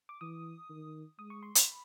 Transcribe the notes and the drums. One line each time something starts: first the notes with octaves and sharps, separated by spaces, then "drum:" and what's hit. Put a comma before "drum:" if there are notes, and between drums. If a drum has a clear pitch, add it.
D6
E3 D#6
D#3
G#3 D#6
C#6
C6
B5, drum: hi-hat